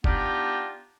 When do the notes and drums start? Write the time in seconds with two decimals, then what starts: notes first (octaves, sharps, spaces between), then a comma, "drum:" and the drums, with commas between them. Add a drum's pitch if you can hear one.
0.04 G3 B3 D4 D#4 F4 G4, drum: kick